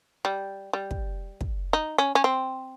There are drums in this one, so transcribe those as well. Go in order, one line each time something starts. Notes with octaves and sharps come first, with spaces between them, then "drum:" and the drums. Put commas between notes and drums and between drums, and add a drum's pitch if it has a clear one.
G3
G3
drum: kick
drum: kick
D#4
C#4
C#4
C4